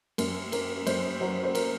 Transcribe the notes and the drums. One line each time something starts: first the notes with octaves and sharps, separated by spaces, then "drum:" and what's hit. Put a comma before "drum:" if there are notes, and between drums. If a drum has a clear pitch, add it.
F#2 A#4, drum: cymbal
A#3 A#4, drum: cymbal
F#2 C5, drum: cymbal
F#3 C5
C5
A#4, drum: cymbal